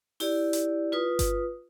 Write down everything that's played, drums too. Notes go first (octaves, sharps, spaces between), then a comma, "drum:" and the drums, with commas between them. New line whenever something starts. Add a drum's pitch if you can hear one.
E4 G4 D5, drum: open hi-hat
drum: hi-hat
F4 B4 D#6
drum: kick G1, hi-hat